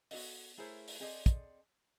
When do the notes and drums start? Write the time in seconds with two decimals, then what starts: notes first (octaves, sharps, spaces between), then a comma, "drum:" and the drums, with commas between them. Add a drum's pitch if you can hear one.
0.11 B3 F#4 G#4 A4 D#5, drum: open hi-hat
0.58 A3 E4 G#4 A#4 C5 C#5
0.88 drum: open hi-hat
1.00 C4 G#4 A4 D5 D#5
1.26 drum: kick, hi-hat